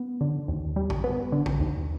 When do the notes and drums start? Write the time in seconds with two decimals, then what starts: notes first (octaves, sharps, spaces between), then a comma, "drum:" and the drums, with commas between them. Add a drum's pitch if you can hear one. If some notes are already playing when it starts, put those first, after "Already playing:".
Already playing: B3
0.21 D3
0.48 D#2
0.76 G3
0.90 drum: kick
1.04 B3
1.32 D3
1.46 drum: kick
1.60 D#2